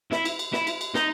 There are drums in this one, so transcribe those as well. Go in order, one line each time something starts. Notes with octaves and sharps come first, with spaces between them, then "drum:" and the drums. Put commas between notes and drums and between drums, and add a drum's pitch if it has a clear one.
E4, drum: snare
drum: cymbal
drum: cymbal
E4, drum: snare
drum: cymbal
drum: cymbal
D#4, drum: snare